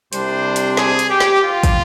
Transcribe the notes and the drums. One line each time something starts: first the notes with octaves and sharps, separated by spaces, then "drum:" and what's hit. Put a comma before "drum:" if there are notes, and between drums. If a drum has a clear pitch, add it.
C2 C3 G3 D4 C5, drum: hi-hat
drum: hi-hat
G#4, drum: snare
drum: hi-hat
G4
drum: snare
F4
drum: kick, hi-hat